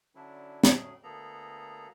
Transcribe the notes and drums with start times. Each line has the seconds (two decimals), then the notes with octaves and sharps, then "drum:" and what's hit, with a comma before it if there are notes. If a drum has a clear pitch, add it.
0.15 D3 F#3 C#4 D4 E4
0.64 drum: snare
0.76 F#3 A3 C#4 G#4
1.03 D2 A#3 B3 G#4 A4 A#5